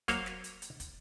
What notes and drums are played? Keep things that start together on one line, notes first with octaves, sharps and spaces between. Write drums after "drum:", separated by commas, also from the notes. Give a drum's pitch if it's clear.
F#3 A#3 F#4 C5 C#5 F5, drum: kick, hi-hat
drum: snare
drum: hi-hat
drum: hi-hat
drum: kick, hi-hat